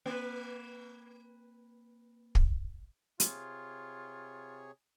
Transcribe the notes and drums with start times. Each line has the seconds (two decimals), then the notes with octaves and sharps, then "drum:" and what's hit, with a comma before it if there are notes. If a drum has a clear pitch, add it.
0.06 A#3 B4
2.35 drum: kick
3.20 C3 F4 G#4 C#5, drum: hi-hat